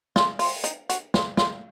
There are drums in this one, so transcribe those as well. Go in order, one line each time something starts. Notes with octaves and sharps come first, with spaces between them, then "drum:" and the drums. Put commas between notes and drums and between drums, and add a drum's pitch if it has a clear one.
F4, drum: snare
F4, drum: open hi-hat
D#4, drum: hi-hat
F#4, drum: hi-hat
F4, drum: snare
F4, drum: snare